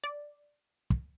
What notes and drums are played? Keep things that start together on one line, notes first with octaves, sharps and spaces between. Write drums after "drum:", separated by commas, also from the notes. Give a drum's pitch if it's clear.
D5
drum: kick